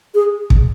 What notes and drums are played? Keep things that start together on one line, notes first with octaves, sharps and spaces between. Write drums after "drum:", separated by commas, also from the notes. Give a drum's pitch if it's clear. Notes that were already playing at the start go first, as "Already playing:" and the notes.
G#4
drum: kick